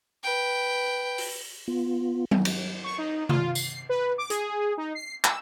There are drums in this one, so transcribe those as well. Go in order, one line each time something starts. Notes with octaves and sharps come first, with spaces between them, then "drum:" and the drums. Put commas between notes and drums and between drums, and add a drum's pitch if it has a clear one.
B4 G5
drum: open hi-hat
B3 F4
drum: tom F#3
drum: cymbal
C#6
D#4
F4, drum: tom C3
C7, drum: tambourine
B4
D6
G#4, drum: hi-hat
D#4
C7
E6, drum: clap